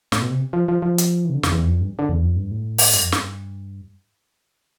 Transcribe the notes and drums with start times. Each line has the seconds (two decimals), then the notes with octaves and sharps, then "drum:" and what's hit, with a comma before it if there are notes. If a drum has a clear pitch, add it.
0.12 A2, drum: snare
0.22 B2
0.30 C3
0.53 F3
0.68 F3
0.82 F3
0.98 drum: hi-hat
1.25 E3
1.30 C3
1.34 D3
1.43 F2, drum: snare
1.52 E2
1.67 F2
1.81 G2
1.99 D3
2.09 E2
2.22 F2
2.36 G2
2.51 A2
2.78 drum: open hi-hat
2.93 G2, drum: hi-hat
3.02 F2
3.12 G2, drum: snare